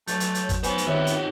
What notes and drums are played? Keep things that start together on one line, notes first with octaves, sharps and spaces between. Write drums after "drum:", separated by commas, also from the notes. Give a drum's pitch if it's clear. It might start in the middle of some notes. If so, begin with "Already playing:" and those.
F#3 A3 G6, drum: hi-hat
drum: hi-hat
drum: hi-hat
drum: kick, hi-hat
B3 C5 G#5, drum: hi-hat
drum: hi-hat
D#3 C4 F#4 G4 C#5 E5
drum: hi-hat